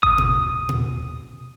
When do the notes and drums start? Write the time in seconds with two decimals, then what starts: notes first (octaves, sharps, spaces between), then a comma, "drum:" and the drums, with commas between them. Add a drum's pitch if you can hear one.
0.03 D#6, drum: kick G#1
0.18 drum: tom A#2
0.69 drum: tom A#2